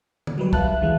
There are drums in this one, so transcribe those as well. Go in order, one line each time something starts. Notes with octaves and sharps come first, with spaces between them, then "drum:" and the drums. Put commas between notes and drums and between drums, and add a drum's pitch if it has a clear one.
drum: tom D3
D#3 F#3 G3 B4
B4 E5 F5 A5 F#6, drum: kick
D#2 E3 G#3